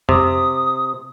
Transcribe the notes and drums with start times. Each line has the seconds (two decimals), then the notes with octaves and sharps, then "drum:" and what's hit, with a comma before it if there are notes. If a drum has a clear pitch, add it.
0.09 C3 D#6, drum: tom F2